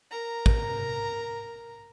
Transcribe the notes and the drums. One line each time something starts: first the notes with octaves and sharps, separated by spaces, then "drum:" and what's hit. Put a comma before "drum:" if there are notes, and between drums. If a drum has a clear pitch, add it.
A#4 A#5
drum: kick